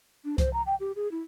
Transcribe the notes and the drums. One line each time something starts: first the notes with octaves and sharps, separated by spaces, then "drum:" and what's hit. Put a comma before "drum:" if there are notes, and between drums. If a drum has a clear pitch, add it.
D4
C5, drum: kick C2, hi-hat
A#5
G5
G4
G#4
E4